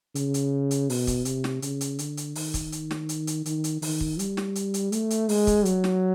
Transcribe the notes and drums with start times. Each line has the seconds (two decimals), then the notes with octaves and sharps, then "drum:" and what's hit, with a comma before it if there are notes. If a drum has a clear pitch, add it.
0.15 C#3, drum: hi-hat
0.34 drum: hi-hat
0.71 drum: hi-hat
0.90 B2, drum: open hi-hat
1.07 drum: kick, hi-hat
1.25 C3, drum: hi-hat
1.44 drum: snare
1.62 C#3, drum: hi-hat
1.81 drum: hi-hat
1.99 D3, drum: hi-hat
2.17 drum: hi-hat
2.35 D#3, drum: open hi-hat
2.54 drum: kick, hi-hat
2.72 drum: hi-hat
2.91 drum: snare
3.09 drum: hi-hat
3.27 drum: hi-hat
3.46 D#3, drum: hi-hat
3.64 drum: hi-hat
3.82 D#3, drum: open hi-hat
4.01 drum: kick
4.19 G3, drum: hi-hat
4.37 drum: snare
4.55 drum: hi-hat
4.74 drum: hi-hat
4.92 A3, drum: hi-hat
5.10 drum: hi-hat
5.29 G#3, drum: open hi-hat
5.47 drum: kick, hi-hat
5.65 F#3, drum: hi-hat
5.84 drum: snare